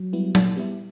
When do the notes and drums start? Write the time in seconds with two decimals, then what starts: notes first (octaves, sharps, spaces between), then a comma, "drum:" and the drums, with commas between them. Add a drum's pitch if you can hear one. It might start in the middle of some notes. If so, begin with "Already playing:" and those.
Already playing: F#3
0.13 G3 B3 E4
0.35 A#2, drum: tom
0.56 G3 B3 E4